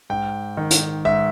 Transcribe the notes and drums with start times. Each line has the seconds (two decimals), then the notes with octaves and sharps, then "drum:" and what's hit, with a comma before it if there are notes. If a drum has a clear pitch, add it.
0.10 G#2 G5
0.57 D#3
0.70 drum: hi-hat
1.05 G#2 E5